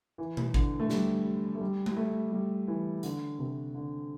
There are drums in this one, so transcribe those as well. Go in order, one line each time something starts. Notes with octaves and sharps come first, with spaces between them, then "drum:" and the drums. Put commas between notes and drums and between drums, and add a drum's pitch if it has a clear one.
E3
drum: tom B2
D3, drum: kick G#1
A3
G3, drum: snare
A3
G3
drum: tom G#3
A3
G3
E3
D3, drum: hi-hat
C3
D3